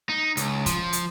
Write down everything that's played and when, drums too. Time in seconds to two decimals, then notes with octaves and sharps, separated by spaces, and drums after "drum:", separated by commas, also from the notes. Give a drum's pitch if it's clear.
0.09 D#4
0.37 C#2, drum: hi-hat
0.66 F3, drum: kick, hi-hat
0.93 drum: hi-hat